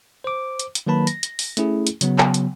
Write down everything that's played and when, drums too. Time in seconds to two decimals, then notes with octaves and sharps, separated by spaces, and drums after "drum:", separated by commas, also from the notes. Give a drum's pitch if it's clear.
0.24 C5 D6
0.59 drum: hi-hat
0.75 drum: hi-hat
0.87 D#3 F#3 A#3 B4 A5 B5
1.07 A#6, drum: hi-hat
1.23 drum: hi-hat
1.39 drum: open hi-hat
1.57 A3 C#4 E4 G#4, drum: hi-hat
1.87 drum: hi-hat
2.01 C#3 F#3 B3, drum: hi-hat
2.18 drum: clap
2.34 drum: hi-hat